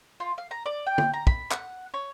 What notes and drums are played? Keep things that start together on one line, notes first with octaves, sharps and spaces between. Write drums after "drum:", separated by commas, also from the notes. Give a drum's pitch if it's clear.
F4
F5
A#5
D5
G5
drum: tom
A#5
B5, drum: kick
F#5, drum: clap
C#5